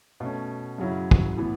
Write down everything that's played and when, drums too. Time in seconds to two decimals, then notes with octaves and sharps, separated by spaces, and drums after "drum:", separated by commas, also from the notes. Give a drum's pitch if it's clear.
0.20 B2 A3 C#4
0.78 F#2 C#3 F#3 C#4 E4
1.11 drum: kick
1.36 A2 E3 B3